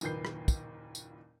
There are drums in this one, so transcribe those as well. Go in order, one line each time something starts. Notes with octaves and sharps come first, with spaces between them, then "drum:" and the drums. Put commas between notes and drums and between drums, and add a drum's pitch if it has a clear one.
F#1 D#2 A#2 B4 G6 C7, drum: tambourine
drum: rim click
drum: kick, tambourine
drum: tambourine